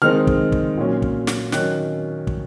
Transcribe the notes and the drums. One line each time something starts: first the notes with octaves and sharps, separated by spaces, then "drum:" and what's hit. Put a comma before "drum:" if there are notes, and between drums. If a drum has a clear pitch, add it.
D#3 G#3 C4 D#4 F6
drum: kick
drum: kick
A#2 F#3 C#4
drum: kick
drum: snare
D#3 F#3 C#4 F#6, drum: snare
drum: kick